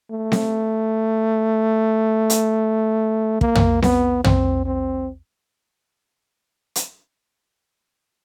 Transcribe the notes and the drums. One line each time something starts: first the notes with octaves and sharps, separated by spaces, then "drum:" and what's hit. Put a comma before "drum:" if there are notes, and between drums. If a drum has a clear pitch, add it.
A3
drum: snare C4
drum: hi-hat
A#3, drum: kick
drum: tom
B3, drum: snare C4
C4, drum: tom
C4
drum: hi-hat